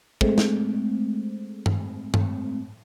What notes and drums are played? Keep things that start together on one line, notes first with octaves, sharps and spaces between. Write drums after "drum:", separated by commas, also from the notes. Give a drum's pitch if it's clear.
G#3 A3 C4, drum: kick
drum: snare
drum: tom G2
drum: tom G2